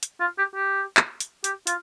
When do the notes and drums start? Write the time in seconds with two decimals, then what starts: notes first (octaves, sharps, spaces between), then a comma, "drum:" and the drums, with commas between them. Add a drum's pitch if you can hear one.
0.03 drum: hi-hat
0.20 F4
0.38 G4
0.55 G4
0.97 drum: clap
1.20 drum: hi-hat
1.44 G4, drum: hi-hat
1.67 F4, drum: hi-hat